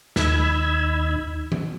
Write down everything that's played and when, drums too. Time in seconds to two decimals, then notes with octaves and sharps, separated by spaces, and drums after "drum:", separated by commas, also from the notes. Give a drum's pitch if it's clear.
0.16 D#2 D#4 B5 E6 G#6, drum: snare
1.52 drum: tom E3